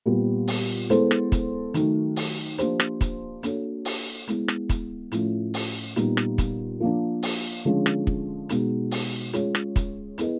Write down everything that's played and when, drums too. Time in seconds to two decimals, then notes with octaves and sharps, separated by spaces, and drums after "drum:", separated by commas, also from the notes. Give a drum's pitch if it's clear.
0.06 A#2 G3 B3
0.48 drum: open hi-hat
0.90 G#3 B3 E4 A4 C5, drum: hi-hat
1.11 drum: rim click
1.32 drum: kick, hi-hat
1.74 D#3 F#3 A3, drum: hi-hat
2.16 drum: open hi-hat
2.58 F3 A#3 D4 G4 C5, drum: hi-hat
2.80 drum: rim click
3.01 drum: kick, hi-hat
3.43 A#3 D4 F#4 A4 C#5, drum: hi-hat
3.85 drum: open hi-hat
4.27 G#3 B3 E4, drum: hi-hat
4.48 drum: rim click
4.69 drum: kick, hi-hat
5.12 A2 F3 A3 C#4 F4, drum: hi-hat
5.54 drum: open hi-hat
5.96 A#2 G3 B3 D#4, drum: hi-hat
6.17 drum: rim click
6.38 drum: kick, hi-hat
6.80 F3 A#3 D4
7.23 drum: open hi-hat
7.65 D3 F3 G#3 C#4
7.86 drum: rim click
8.07 drum: kick
8.49 B2 G#3 B3 D#4, drum: hi-hat
8.91 drum: open hi-hat
9.33 G#3 C#4 F4 G#4 C#5, drum: hi-hat
9.55 drum: rim click
9.76 drum: kick, hi-hat
10.18 B3 E4 G#4 B4 D#5, drum: hi-hat